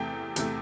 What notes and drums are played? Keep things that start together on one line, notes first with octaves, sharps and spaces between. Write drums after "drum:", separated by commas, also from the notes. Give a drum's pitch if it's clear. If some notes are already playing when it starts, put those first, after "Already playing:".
Already playing: E2 C3 A3 G5
E2 C3 A3, drum: hi-hat